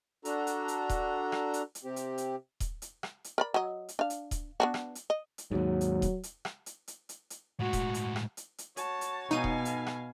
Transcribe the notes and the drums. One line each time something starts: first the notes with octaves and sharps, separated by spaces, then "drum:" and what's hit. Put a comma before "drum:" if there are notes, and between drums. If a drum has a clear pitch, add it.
D4 F#4 A4 A#5, drum: hi-hat
drum: hi-hat
drum: hi-hat
drum: kick D#1, hi-hat
drum: rim click
drum: hi-hat
drum: hi-hat
C3 C4 G4
drum: hi-hat
drum: hi-hat
drum: kick D#1, hi-hat
drum: hi-hat
drum: rim click
drum: hi-hat
A#4 D5 B5
F#3 D#5
drum: hi-hat
D4 F5
drum: hi-hat
drum: kick D#1, hi-hat
B3 D4 F#4
drum: rim click
drum: hi-hat
D#5
drum: hi-hat
D#2 G#2 F#3
drum: hi-hat
drum: kick D#1, hi-hat
drum: hi-hat
drum: rim click
drum: hi-hat
drum: hi-hat
drum: hi-hat
drum: hi-hat
A2 G#3 F#4
drum: kick D#1, hi-hat
drum: hi-hat
drum: rim click
drum: hi-hat
drum: hi-hat
F#4 C#5 A5, drum: hi-hat
drum: hi-hat
B2 D#4 F5 G#5 D#7
drum: kick D#1
A4, drum: hi-hat
drum: rim click